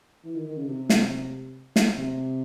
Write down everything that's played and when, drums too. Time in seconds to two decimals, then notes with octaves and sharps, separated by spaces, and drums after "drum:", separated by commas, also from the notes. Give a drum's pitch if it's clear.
0.25 E3
0.35 D#3
0.47 D#3
0.57 C#3
0.68 C3
0.89 drum: snare
1.76 drum: snare
1.97 C3